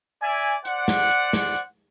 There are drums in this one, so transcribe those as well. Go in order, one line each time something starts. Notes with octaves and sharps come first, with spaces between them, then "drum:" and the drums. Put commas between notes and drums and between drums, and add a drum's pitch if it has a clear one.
D5 E5 G#5
C5 D5 F#5, drum: hi-hat
drum: snare
drum: hi-hat
drum: snare
drum: hi-hat